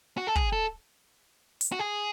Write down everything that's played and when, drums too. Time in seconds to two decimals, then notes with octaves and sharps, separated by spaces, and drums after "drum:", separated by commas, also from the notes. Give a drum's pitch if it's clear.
0.18 F#4
0.27 A4
0.35 G#4, drum: kick
0.53 A4
1.61 drum: hi-hat
1.72 F#4
1.79 G#4